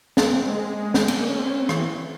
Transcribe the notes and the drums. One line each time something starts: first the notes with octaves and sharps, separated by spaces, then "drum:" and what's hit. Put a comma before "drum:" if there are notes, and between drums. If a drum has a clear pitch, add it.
A#3, drum: snare
C4
G#3
drum: snare
A#3, drum: cymbal
A#3
C#4
C4
C#4
C4
E3, drum: rim click